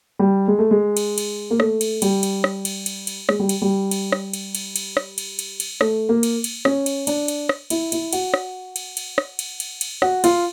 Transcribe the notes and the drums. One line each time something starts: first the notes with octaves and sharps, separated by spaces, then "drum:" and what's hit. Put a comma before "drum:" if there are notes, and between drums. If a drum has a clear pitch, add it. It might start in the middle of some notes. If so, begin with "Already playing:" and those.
G3
G#3
A3
G#3
drum: cymbal
drum: cymbal
A#3
A3, drum: rim click
drum: cymbal
G3, drum: cymbal
drum: cymbal
drum: rim click
drum: cymbal
drum: cymbal
drum: cymbal
G#3, drum: rim click
G3
drum: cymbal
G3
drum: cymbal
drum: rim click
drum: cymbal
drum: cymbal
drum: cymbal
drum: rim click
drum: cymbal
drum: cymbal
drum: cymbal
A3, drum: rim click
A#3
drum: cymbal
drum: cymbal
C#4, drum: rim click
drum: cymbal
D4, drum: cymbal
drum: cymbal
drum: rim click
E4, drum: cymbal
E4, drum: cymbal
F#4, drum: cymbal
drum: rim click
drum: cymbal
drum: cymbal
drum: rim click
drum: cymbal
drum: cymbal
drum: cymbal
F#4, drum: rim click
F4, drum: cymbal